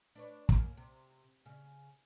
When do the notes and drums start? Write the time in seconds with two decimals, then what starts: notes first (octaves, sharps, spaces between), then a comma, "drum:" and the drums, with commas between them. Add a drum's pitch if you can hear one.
0.15 D4 B4 C#5
0.49 F#2 F#3 A#3, drum: kick
0.77 C3
1.46 C#3